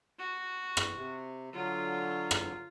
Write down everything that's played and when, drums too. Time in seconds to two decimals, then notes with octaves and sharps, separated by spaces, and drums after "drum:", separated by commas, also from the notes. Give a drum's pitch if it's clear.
0.19 F#4
0.77 drum: rim click
0.94 C3
1.54 D3 F#3 F4
2.31 drum: rim click